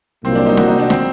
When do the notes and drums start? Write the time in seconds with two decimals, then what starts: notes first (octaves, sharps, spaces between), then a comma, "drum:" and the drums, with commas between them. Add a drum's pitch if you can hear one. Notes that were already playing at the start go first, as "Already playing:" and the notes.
0.24 C2 A#2 F#3 A#3 C4
0.35 D4
0.46 D#4
0.57 F#4, drum: snare
0.68 D#4
0.79 D4
0.90 C4, drum: snare